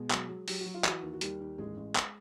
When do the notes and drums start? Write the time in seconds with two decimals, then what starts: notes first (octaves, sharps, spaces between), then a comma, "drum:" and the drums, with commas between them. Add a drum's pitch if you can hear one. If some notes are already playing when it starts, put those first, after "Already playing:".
Already playing: B2 G#3 G#4
0.10 F#3, drum: clap
0.29 F#3
0.48 F#3 G4, drum: open hi-hat
0.61 F#4
0.66 F#3
0.74 F4
0.84 E3 F#4, drum: clap
1.03 D#2
1.13 F#4
1.21 D#2 G3 G4, drum: hi-hat
1.40 D#2
1.58 A1 G#3 G#4
1.77 A1
1.95 drum: clap